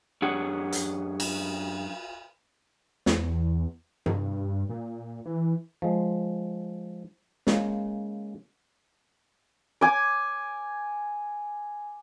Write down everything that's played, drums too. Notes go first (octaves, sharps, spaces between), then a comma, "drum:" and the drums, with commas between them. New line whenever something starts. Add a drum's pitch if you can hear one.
F#2 D4 G4 G#4 C#5 F#5
drum: hi-hat
drum: cymbal
E2, drum: snare
G2, drum: tom C3
A#2
E3
F3 G#3
C#3 G#3 A#3, drum: snare
G#5 D6